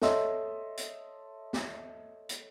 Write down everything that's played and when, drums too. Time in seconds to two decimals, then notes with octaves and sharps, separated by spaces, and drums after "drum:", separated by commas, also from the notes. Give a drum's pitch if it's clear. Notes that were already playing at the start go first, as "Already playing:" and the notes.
0.02 A4 C#5 D#5 E5 C6 E6, drum: snare
0.77 drum: hi-hat
1.53 drum: snare
2.29 drum: hi-hat